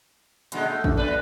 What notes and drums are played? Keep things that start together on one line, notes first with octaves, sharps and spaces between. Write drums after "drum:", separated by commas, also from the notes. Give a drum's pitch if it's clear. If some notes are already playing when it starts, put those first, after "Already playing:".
A#2 D3 G#3, drum: hi-hat
A3
D4, drum: kick A1
A#2 E3 B4 D5